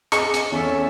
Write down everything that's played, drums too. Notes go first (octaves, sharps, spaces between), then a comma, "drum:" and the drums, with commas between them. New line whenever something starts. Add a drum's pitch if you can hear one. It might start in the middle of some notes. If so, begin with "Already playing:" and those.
G#4 D#5 C#6 D6, drum: hi-hat
drum: hi-hat
E2 C#4 A4 E5 C#7